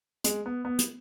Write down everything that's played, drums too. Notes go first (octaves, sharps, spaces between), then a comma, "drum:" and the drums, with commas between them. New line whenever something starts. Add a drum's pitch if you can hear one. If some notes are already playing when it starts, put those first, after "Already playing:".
G#3, drum: hi-hat
B3
B3
drum: hi-hat